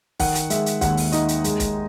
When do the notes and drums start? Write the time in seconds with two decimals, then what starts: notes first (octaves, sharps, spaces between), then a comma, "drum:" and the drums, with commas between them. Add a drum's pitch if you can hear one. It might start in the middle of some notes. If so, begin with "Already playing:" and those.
0.19 D#3 F#5, drum: kick, open hi-hat
0.35 drum: hi-hat
0.50 G#3 E5, drum: hi-hat
0.66 drum: hi-hat
0.81 D#2 F#5, drum: kick, hi-hat
0.97 drum: open hi-hat
1.12 D#4 D#5, drum: hi-hat
1.28 drum: hi-hat
1.44 G#3, drum: hi-hat
1.60 drum: kick, hi-hat